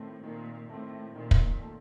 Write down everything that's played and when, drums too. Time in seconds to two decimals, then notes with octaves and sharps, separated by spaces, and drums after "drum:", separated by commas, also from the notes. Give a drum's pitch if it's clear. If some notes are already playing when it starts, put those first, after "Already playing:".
Already playing: A2 D#3 A3 C4
0.23 A#2 D#3
0.69 A2 A3 C4
1.15 A#2 D#3
1.31 drum: kick
1.61 A3